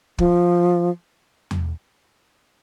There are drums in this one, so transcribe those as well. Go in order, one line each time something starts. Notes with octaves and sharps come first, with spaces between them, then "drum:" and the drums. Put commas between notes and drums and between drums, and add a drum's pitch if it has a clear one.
F3, drum: kick
drum: tom E2